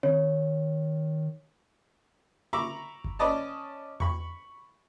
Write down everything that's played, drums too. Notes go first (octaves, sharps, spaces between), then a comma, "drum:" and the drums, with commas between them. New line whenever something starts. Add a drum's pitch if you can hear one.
D#3 C#5, drum: tom C4
E5 A#5 B5 C#6 D6
drum: kick G1
C#4 B4 D5 D#5 A5
B5 C#6, drum: tom E2